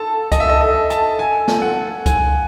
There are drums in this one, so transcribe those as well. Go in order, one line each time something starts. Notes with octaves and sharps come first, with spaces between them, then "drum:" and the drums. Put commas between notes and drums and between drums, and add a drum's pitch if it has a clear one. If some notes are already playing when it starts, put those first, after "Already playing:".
Already playing: A4 A5
D#5, drum: kick C#2, hi-hat
E5
D#5
D#5
A5, drum: hi-hat
G#5
drum: snare
F#5
G#5, drum: kick C#2, hi-hat